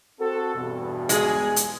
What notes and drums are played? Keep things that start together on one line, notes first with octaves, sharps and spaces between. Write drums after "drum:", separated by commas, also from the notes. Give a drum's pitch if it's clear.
C4 F#4 A4
E2 G2 B2
G#3 G#4, drum: hi-hat
drum: hi-hat